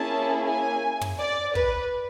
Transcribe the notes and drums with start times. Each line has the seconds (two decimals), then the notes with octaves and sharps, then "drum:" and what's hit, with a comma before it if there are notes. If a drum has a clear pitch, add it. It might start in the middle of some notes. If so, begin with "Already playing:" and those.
Already playing: A#3 C#4 E4 G#4 A5
0.47 G#5
1.01 drum: tom
1.20 D5
1.55 B4, drum: kick